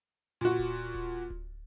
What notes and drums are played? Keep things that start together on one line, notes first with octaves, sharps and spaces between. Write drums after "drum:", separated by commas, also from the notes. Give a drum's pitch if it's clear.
A#2 F#4
drum: kick D1
drum: kick D1
drum: kick D1